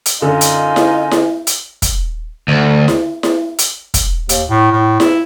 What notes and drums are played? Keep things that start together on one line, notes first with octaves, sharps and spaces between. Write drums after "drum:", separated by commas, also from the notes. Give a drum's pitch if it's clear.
drum: hi-hat
F#2 D3 D#4 F4 G#5
drum: hi-hat
drum: snare E4
drum: snare E4
drum: hi-hat
drum: kick, hi-hat
D2
drum: snare E4
drum: snare E4
drum: hi-hat
drum: kick, hi-hat
D#2, drum: hi-hat
A2
A2
E4, drum: snare E4